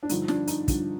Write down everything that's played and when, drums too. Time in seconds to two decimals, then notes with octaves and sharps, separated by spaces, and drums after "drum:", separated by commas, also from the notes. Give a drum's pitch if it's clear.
0.03 D4
0.09 G2 D3 F3 D#4, drum: hi-hat
0.28 D4, drum: snare
0.47 D#4, drum: hi-hat
0.68 G2 D3 F3, drum: kick, hi-hat